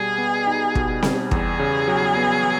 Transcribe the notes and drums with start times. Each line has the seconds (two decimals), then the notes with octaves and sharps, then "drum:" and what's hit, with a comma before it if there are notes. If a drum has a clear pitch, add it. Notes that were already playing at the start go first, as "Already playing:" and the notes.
Already playing: B2 G3 G#4
0.18 B3
0.47 D#4
0.75 B2, drum: kick
1.03 G3, drum: snare C4
1.31 E2 G#4, drum: kick
1.59 C#3
1.88 F#3
2.17 B3